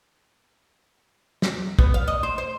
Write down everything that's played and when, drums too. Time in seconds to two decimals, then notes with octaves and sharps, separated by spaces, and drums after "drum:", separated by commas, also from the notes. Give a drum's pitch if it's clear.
1.42 drum: snare
1.79 B3, drum: kick
1.94 F5
2.08 D#5
2.23 C5
2.38 C5